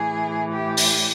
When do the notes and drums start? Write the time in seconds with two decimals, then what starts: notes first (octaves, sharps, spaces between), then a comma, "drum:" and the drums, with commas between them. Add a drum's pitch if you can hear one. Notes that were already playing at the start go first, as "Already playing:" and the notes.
Already playing: A2 E3 G#4
0.52 G4
0.77 drum: open hi-hat